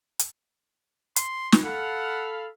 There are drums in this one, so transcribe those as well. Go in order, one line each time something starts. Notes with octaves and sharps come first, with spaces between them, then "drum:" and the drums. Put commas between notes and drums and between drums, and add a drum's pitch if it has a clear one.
drum: hi-hat
C6, drum: hi-hat
drum: snare
A4 F5 F#5 B5